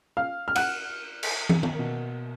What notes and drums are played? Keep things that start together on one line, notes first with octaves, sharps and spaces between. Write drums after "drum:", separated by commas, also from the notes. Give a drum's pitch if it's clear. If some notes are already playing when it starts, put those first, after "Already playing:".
F5 F6
F6
F#5 F#6, drum: cymbal
drum: cymbal
drum: tom
drum: tom
B2 A#3